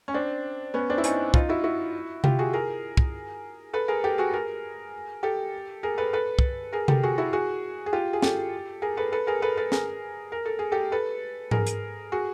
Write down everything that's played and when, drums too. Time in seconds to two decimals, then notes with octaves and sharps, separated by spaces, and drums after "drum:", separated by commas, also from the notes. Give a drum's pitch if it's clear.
0.08 C#4
0.14 C4 D4
0.74 B3 C#4
0.90 C4 D4
0.98 E4
1.04 C#4 D#4, drum: hi-hat
1.34 D#4 F4, drum: kick
1.49 E4 F#4
1.64 E4 F#4
2.24 F4 G4, drum: tom C3
2.39 F#4 G#4
2.53 G#4 A#4
2.97 drum: kick
3.73 A4 B4
3.88 G#4 A#4
4.04 G4 A4
4.18 F#4 G#4
4.33 G#4 A#4
5.23 G4 A4
5.83 G#4 A#4
5.98 A4 B4
6.13 A4 B4
6.39 drum: kick
6.72 G#4 A#4
6.88 G4 A4, drum: tom C3
7.03 F#4 G#4
7.18 E4 F#4
7.33 F#4 G#4
7.86 G#4
7.93 F4 G4
8.13 G#4
8.22 G4 A4, drum: snare
8.82 G#4 A#4
8.97 A4 B4
9.12 A4 B4
9.27 G#4 A#4
9.42 A4 B4
9.57 A4 B4
9.72 G#4 A#4, drum: snare
10.32 A#4
10.45 A4
10.59 G#4
10.72 G4 A4
10.92 A4 B4
11.51 G#4 A#4, drum: tom G#2
11.67 drum: hi-hat
12.12 F#4 G#4